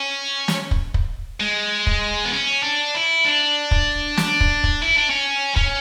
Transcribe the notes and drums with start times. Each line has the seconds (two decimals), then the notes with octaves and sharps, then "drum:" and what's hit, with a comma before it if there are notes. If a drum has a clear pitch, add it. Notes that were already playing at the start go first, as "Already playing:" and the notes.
Already playing: C#4
0.48 drum: snare
0.71 drum: kick
0.94 drum: kick
1.40 G#3
1.87 drum: kick
2.25 B3
2.33 C#4
2.63 D4
2.95 E4
3.25 D4
3.71 drum: kick
4.17 drum: snare
4.41 drum: kick
4.64 drum: kick
4.82 E4
4.96 D4
5.10 C#4
5.56 C#4, drum: kick